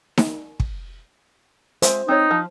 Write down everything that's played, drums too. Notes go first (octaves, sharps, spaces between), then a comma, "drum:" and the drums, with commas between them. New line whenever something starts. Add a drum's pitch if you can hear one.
drum: snare D#4
drum: kick
G#3 C5 E5, drum: hi-hat
C4 D#4 C#5
F3